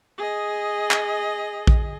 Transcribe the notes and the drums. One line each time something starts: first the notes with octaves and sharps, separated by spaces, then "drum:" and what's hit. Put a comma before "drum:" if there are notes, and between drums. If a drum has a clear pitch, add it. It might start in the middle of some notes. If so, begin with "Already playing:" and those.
G#4 D#5
drum: clap
drum: kick A#1